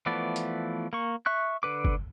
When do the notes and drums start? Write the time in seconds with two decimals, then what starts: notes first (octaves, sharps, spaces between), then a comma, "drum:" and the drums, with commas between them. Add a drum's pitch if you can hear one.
0.06 E3 F3 A3 B3 D5
0.36 drum: hi-hat
0.93 A#3 C#6
1.26 E5 C#6 F#6
1.63 D3 B4 D6
1.85 drum: kick G1